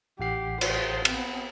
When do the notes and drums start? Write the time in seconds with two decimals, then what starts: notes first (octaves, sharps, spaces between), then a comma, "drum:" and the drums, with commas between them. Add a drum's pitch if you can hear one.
0.20 A1 G4 F#5 C7
0.61 C5, drum: cymbal
1.05 B3 C4, drum: cymbal